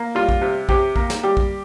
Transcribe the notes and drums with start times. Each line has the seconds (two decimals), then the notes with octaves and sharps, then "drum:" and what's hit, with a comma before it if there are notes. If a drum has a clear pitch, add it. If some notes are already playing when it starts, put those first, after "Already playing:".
Already playing: A#3
0.15 G3 F4
0.29 drum: kick A#1
0.42 C3
0.69 C3 G4, drum: kick A#1
0.96 A#3, drum: kick A#1
1.10 drum: snare
1.23 G3 G4
1.37 drum: kick A#1